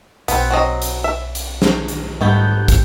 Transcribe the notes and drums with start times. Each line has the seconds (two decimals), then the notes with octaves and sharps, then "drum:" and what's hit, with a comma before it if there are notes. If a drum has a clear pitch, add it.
0.28 B1 B3 C4, drum: hi-hat
0.50 F#3 C4 D#5
0.82 drum: hi-hat
1.04 E5
1.35 drum: hi-hat
1.62 drum: snare
1.88 drum: hi-hat
2.21 G#2 D#3 G3 A3 B3 G6
2.68 drum: kick, hi-hat